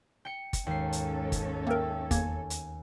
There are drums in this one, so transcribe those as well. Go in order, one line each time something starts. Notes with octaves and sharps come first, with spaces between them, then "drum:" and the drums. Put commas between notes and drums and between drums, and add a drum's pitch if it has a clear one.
G5 C#7
drum: kick, hi-hat
D#2 G#2 C#4 A4 G5 C7
drum: hi-hat
drum: kick, hi-hat
A#3 A#4 E5 G5 E6
E2 A#3 G#5 G#6, drum: kick, hi-hat
drum: hi-hat